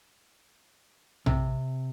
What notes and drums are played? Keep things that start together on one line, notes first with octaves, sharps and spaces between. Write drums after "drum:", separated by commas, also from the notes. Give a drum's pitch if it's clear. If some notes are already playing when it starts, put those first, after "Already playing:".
C3, drum: tom A#1